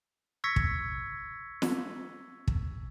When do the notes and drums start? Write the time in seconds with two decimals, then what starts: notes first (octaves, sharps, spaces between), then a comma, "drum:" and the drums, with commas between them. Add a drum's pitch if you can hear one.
0.44 C#6 E6 G#6 A#6 B6 C#7
0.56 drum: kick
1.62 drum: snare
2.48 drum: kick